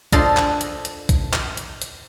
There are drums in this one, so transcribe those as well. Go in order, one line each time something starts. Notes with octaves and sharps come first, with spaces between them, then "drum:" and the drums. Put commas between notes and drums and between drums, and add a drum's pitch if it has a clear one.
D4 F4 A4 C5 D#5, drum: kick A#1, hi-hat
drum: clap
drum: hi-hat
drum: hi-hat
drum: kick A#1, hi-hat
drum: clap
drum: hi-hat
drum: hi-hat